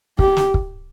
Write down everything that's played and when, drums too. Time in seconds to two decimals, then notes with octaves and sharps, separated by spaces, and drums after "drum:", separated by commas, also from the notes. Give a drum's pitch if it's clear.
0.19 G4, drum: kick
0.37 drum: snare
0.54 drum: kick